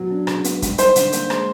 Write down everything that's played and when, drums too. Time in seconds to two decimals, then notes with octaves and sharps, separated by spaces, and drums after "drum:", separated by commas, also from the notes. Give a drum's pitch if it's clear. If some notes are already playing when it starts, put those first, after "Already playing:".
Already playing: F#3 B3
0.10 D4
0.27 C#3, drum: rim click
0.44 B3, drum: hi-hat
0.62 G3, drum: kick, hi-hat
0.78 D#4 C5, drum: hi-hat
0.96 D3, drum: hi-hat
1.12 A#3, drum: hi-hat
1.30 G#3, drum: rim click